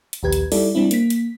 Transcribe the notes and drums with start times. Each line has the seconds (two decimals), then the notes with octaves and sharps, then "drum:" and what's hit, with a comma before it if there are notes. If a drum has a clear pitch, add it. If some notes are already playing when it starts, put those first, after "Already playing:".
0.13 drum: hi-hat
0.23 A#1 D#2 G4 B4 G#6
0.33 drum: hi-hat
0.52 G3 D#4 E4 G4 A4 D5, drum: open hi-hat
0.75 G3 C4 D4 E4
0.91 A#3 B6, drum: hi-hat
1.10 drum: hi-hat